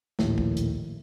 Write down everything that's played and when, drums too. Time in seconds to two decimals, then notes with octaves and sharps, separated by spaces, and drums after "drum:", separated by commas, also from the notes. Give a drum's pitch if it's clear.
0.19 A#1 D#2 A2, drum: snare
0.38 drum: kick
0.57 drum: hi-hat